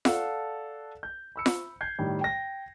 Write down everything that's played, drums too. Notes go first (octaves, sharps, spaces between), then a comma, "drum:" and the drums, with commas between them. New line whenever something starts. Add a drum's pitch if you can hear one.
A4 D5 F5 F#5 A5, drum: snare F4
G6
B5 E6 C#7
drum: snare F4
G6 G#6 C7
A2 D#3 G3
G5 A#6